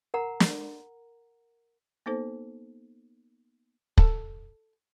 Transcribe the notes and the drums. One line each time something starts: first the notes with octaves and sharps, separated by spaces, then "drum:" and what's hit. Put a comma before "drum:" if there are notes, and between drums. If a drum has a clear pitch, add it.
A#4 F#5 A#5
drum: snare
A#3 B3 D#4 A4 C5
A4, drum: kick